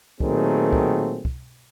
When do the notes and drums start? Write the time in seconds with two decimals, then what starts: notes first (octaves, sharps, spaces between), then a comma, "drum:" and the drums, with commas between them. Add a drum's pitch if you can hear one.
0.20 A#2 D#3 F#3 A3 C4 G#4, drum: kick
0.73 drum: kick
1.25 drum: kick